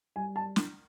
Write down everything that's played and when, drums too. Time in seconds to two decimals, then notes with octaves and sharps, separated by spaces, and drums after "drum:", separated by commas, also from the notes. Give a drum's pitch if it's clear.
0.16 G3 G#5
0.36 A5
0.56 drum: snare